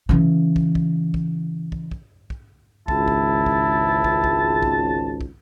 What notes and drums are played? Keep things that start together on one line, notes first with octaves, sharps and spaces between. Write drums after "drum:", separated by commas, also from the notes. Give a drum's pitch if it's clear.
C#3 E3
drum: kick
drum: kick
drum: kick
drum: kick
drum: kick
drum: kick
G#1 C#2 E4 A5, drum: kick
drum: kick
drum: kick
drum: kick
drum: kick
drum: kick
drum: kick